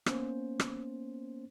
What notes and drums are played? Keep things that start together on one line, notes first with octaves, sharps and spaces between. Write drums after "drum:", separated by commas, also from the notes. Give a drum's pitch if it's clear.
A#3 B3 C#4 C5, drum: rim click
drum: rim click